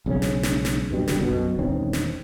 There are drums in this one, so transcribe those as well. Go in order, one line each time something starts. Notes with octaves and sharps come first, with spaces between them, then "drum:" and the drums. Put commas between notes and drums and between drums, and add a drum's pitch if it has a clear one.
B1 C#3 F#3 C#4
drum: snare
drum: snare
drum: snare
G2 B2 G3
D3 G3, drum: snare
B1 F#2 B2
E1 D#3 C4 C#4
drum: snare